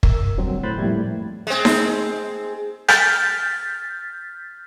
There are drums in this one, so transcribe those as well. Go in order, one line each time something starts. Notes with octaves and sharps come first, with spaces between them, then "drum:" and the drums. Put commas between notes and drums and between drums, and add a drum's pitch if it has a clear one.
A#4 E6, drum: kick
D2 G2 F#3 C4
A2 C5 B5 F#6 G6 A6
F2 A2 G3 A#3 E4 G#6
G#3 C4
drum: snare D#4
F6 G6 A6 B6, drum: rim click